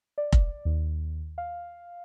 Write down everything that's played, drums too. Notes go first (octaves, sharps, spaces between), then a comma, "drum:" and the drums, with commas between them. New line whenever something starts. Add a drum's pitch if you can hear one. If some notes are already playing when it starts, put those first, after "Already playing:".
D5
drum: kick F1
D#2
F5